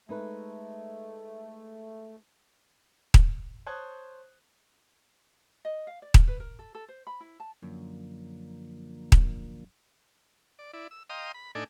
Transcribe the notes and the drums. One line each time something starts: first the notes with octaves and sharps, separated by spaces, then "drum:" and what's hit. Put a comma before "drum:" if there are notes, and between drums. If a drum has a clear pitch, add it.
G#3 A3 D#4 B4
drum: kick D#1
C5 C#5 A5 D#6 F#6 G#6
D#5
F5
D5
A#4, drum: kick D#1
B4
A#4
A4
A4
C5
B5
E4
A5
F#2 D3 F3 A#3
drum: kick D#1
D5
E4 D5
E6
D#5 F5 G5 A#5 C6 D#6
B5
A2 D4 D#4 A4 D5 G#5